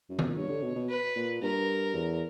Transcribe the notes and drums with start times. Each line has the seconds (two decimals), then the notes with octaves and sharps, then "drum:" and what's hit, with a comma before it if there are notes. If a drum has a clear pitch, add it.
0.10 F#2
0.19 drum: tom D#3
0.29 A#2
0.36 G2 C#5
0.49 D3
0.63 B2
0.75 B2
0.89 B4
1.16 A#2
1.42 G2 A#4
1.95 E2